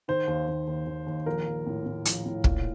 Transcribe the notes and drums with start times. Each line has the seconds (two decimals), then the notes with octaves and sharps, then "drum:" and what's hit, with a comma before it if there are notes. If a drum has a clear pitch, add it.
0.08 D#3 C5
0.28 D#2
0.48 D#2
0.67 D#2
0.86 D#2
1.07 D#2
1.26 A#1 A#4
1.47 A#1
1.66 A2
1.86 A2
2.05 A#1, drum: hi-hat
2.26 A2
2.44 A#2, drum: kick